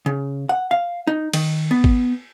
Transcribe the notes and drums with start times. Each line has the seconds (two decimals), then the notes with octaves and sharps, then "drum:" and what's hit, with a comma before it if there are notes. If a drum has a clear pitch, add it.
0.06 C#3
0.49 F#5
0.71 F5
1.07 D#4
1.33 D#3, drum: cymbal
1.71 B3
1.84 drum: kick G#1